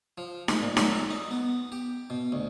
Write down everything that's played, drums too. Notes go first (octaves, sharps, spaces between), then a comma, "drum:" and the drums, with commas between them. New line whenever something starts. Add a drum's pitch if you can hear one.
F3
G#3, drum: snare D#4
A#2
F#3, drum: snare D#4
A4
D#4
B3
G4
B2
D2